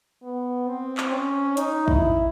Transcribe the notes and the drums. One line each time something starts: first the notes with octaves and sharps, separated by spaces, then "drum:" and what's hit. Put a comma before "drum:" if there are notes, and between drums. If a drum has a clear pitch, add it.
B3
C4
drum: clap
C#4
D#4, drum: hi-hat
E4, drum: kick